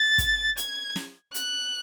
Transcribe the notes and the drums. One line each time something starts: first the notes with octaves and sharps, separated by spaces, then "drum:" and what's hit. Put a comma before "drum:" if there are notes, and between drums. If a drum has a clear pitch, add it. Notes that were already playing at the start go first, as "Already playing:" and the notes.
Already playing: A6
drum: kick, hi-hat
G#6, drum: hi-hat
drum: snare
F#6, drum: hi-hat